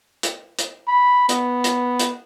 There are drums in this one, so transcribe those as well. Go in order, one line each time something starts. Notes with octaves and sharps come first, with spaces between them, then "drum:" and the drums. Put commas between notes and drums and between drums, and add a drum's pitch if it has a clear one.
drum: hi-hat
drum: hi-hat
B5
B3, drum: hi-hat
drum: hi-hat
drum: hi-hat